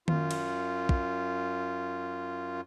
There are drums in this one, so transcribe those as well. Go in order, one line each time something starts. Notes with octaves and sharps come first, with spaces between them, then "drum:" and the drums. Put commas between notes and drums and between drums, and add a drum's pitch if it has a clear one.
F#2 F4, drum: tom D#3
drum: cymbal
drum: kick